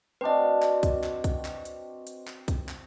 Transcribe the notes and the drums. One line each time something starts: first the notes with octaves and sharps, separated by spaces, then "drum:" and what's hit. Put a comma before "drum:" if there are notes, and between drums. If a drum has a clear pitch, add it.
C4 D4 F#4 B4 D#5
drum: clap
drum: kick, hi-hat
drum: clap
drum: kick, hi-hat
drum: clap
drum: hi-hat
drum: hi-hat
drum: clap
drum: kick, hi-hat
drum: clap